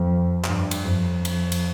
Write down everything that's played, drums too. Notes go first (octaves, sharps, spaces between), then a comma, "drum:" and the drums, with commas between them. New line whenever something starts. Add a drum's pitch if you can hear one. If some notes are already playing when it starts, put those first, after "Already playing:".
Already playing: F2
G2, drum: clap
drum: cymbal
F2
drum: cymbal
drum: cymbal